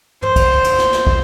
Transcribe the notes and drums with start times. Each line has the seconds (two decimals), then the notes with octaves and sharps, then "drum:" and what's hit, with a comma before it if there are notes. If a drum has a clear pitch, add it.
0.22 C5, drum: tom G2
0.36 drum: kick, cymbal
0.64 drum: cymbal
0.78 drum: snare
0.93 drum: snare
1.07 drum: kick